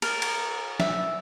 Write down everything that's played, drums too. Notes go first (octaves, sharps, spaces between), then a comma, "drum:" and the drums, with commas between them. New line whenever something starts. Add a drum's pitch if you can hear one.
A#4, drum: cymbal
drum: cymbal
E5, drum: snare